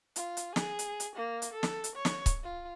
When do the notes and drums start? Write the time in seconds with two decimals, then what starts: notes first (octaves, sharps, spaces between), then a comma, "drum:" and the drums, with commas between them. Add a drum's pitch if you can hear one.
0.16 F4, drum: hi-hat
0.37 drum: hi-hat
0.56 G#4, drum: snare
0.79 drum: hi-hat
1.00 drum: hi-hat
1.16 A#3
1.42 drum: hi-hat
1.53 A4
1.63 drum: snare
1.84 drum: hi-hat
1.96 C#5
2.05 drum: snare
2.26 drum: kick C#1, hi-hat
2.44 F4